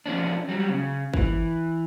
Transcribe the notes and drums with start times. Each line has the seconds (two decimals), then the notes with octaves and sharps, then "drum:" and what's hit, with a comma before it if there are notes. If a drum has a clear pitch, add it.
0.06 F3 C#4 D4
0.49 F#3 G3
0.69 C#3
1.14 E3, drum: kick